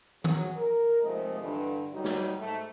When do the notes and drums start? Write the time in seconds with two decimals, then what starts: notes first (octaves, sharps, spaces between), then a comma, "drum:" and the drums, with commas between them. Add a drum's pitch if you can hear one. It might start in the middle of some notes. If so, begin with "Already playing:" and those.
0.24 F#3 G#4, drum: tom D#3
0.57 A#4
1.02 D#2 C3 F3 G#3 A3 D#5
1.41 G2 D3 E3
1.92 F#3 G3 D#4
2.04 drum: snare
2.39 G#2 A3